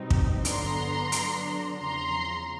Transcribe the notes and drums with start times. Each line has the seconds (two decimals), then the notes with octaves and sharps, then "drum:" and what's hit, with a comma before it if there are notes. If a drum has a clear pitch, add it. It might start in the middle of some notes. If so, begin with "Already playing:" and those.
Already playing: B2 G3 C4 D#4
0.10 drum: kick
0.45 G2 D3 F#3 B3 D4 A#5 C6, drum: hi-hat
1.12 D3 F#3 B3 D4, drum: hi-hat
1.80 E2 C#3 F3 A#5 C6